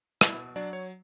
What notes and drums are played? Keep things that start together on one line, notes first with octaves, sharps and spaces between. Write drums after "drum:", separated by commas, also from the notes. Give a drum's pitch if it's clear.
B2 E4 E5, drum: rim click
F#3 D4 D5
C#5